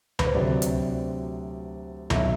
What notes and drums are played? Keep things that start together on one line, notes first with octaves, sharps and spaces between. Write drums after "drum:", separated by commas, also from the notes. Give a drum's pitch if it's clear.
B4, drum: tom C#2
C5
D2 C3 F#3 D5
drum: hi-hat
B1 B2 F#3 E5, drum: tom C#2